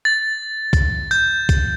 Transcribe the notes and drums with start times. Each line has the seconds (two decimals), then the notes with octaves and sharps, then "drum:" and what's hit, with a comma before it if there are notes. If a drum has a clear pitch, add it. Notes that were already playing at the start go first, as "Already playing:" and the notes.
0.05 A6
0.73 drum: kick B1, tambourine
1.11 G6, drum: tambourine
1.49 drum: kick B1, tambourine